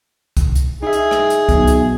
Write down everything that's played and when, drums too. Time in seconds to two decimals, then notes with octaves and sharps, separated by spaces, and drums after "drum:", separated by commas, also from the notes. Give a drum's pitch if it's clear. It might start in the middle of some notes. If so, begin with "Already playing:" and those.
0.37 drum: kick C2, hi-hat
0.55 drum: hi-hat
0.83 D#4 G#4 E5
0.93 drum: hi-hat
1.11 drum: rim click
1.30 drum: hi-hat
1.49 B1, drum: kick C2, hi-hat
1.67 drum: hi-hat